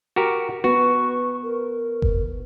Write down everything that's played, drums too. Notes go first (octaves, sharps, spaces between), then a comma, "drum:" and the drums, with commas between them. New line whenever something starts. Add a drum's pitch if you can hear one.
F#4 G4 A#4
B3 F#4 B4 C#6
A#4
drum: kick F#1